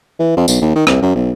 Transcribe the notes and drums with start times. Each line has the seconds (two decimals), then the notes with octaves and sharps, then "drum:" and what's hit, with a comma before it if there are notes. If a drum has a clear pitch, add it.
0.19 E3
0.37 F2
0.48 B1, drum: tambourine
0.61 D#2
0.75 D#3
0.87 C2, drum: rim click
1.02 F#2
1.15 B1